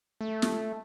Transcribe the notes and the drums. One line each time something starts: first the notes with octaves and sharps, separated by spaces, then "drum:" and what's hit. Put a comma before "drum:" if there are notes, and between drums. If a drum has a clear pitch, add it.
A3
drum: snare